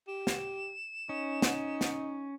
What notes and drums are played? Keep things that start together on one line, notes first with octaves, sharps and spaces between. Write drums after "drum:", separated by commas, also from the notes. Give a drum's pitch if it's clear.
G4 E7
drum: snare
C#4 D#4
drum: snare
drum: snare